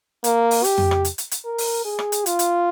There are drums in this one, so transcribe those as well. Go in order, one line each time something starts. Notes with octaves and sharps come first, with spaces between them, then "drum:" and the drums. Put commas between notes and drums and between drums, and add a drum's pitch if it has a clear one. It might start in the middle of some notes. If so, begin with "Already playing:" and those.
A#3, drum: hi-hat
drum: open hi-hat
G4, drum: hi-hat
drum: tom F2
drum: rim click
drum: hi-hat
drum: hi-hat
drum: hi-hat
A#4
drum: open hi-hat
G#4
drum: rim click
drum: hi-hat
F4, drum: hi-hat
drum: hi-hat